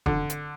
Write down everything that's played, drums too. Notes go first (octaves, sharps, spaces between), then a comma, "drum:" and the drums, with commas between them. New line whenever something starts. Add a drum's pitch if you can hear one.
D3, drum: kick E1
drum: hi-hat